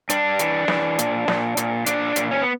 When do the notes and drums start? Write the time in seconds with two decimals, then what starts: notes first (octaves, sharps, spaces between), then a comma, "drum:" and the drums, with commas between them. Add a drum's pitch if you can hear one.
0.10 G2 D4, drum: hi-hat
0.39 E3, drum: hi-hat
0.68 E3, drum: snare
0.99 A#2, drum: hi-hat
1.28 A#2, drum: snare
1.57 A#2, drum: hi-hat
1.86 A#2 D4, drum: hi-hat
2.16 A#2, drum: hi-hat
2.31 C#4
2.41 B3